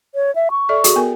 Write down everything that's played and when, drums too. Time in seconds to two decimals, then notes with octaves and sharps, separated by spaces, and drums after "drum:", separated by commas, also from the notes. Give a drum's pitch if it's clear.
0.15 C#5
0.35 E5
0.51 C#6
0.69 A4 D5 E5
0.84 F#4 G#4 A4, drum: hi-hat
0.96 B3 A#4 G#5